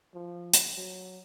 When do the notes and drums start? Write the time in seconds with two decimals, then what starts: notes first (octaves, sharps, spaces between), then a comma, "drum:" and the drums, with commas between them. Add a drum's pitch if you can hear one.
0.14 F3
0.53 drum: hi-hat
0.77 F#3